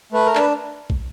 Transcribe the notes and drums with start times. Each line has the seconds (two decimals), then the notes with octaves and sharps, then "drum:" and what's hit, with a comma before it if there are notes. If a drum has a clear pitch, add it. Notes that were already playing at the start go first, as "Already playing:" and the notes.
0.13 A3 B4
0.26 A#4
0.35 D4 B4, drum: clap
0.90 drum: kick